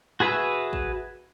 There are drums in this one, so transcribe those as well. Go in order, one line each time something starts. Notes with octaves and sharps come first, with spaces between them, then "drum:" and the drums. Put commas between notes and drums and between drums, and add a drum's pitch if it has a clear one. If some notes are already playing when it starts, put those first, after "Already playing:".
F#4 G#4 B4 E5 E6
drum: kick